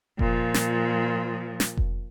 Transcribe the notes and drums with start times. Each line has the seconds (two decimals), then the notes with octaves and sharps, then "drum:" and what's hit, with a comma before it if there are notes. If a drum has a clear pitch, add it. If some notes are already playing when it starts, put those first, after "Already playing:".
0.19 A#2 F3, drum: kick F1
0.54 drum: snare
1.60 drum: snare
1.77 drum: kick F1